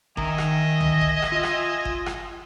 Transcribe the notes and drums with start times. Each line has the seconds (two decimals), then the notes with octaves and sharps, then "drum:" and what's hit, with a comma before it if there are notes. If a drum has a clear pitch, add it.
0.17 D#3 D#5 E5 G#5 A#5, drum: kick G1
0.38 drum: rim click
0.80 drum: tom C2
1.01 drum: kick G1
1.22 drum: rim click
1.32 F4
1.43 drum: rim click
1.85 drum: kick G1
2.06 drum: rim click